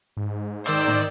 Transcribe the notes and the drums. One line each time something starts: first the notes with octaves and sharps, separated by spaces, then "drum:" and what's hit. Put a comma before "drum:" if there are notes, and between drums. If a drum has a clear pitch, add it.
G#2
D#3 C5 D5 E6, drum: rim click
drum: tom